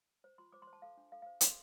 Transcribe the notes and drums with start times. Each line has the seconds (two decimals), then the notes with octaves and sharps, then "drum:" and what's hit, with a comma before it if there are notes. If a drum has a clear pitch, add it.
0.24 C5
0.38 F4 C6
0.52 C5 D6
0.62 C6
0.67 C5
0.73 A5
0.82 A4 F5
0.97 D4
1.12 A4 F5
1.22 F5
1.26 C5
1.41 A4 C6, drum: hi-hat